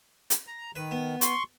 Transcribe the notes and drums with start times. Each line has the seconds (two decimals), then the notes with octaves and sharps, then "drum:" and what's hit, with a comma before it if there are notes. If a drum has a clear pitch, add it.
0.30 drum: hi-hat
0.47 A#5
0.76 D#3 B4
0.91 B3
1.21 C6 C#6, drum: hi-hat